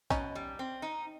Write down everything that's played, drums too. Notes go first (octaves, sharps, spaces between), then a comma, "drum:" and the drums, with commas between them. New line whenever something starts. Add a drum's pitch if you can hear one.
B2 C#4 D#4, drum: kick A#1, hi-hat
G3
C4
D#4